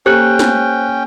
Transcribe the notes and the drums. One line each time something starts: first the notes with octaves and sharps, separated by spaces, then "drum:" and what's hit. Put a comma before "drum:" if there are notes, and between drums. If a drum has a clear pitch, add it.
A#3 C#4 G4 A4 C5 G5 F#6
drum: snare